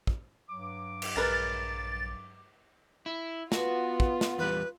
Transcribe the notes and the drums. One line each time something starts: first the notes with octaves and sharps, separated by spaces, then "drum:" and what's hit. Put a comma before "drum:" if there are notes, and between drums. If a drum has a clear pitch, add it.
drum: kick
G2 F#3 D6
drum: cymbal
A#1 G#3 A#4 B4 A6
E4
B3 F4 F#4, drum: snare
drum: kick
drum: snare
E2 G3 B4